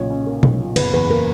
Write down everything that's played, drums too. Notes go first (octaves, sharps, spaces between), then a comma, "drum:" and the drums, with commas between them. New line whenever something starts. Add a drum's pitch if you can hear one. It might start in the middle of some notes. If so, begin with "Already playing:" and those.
Already playing: B1 A#2 C#3 C#5
C#4
A#3
B1, drum: tom
A#2
F#1 B4, drum: cymbal
E2 B4
A#3 A#4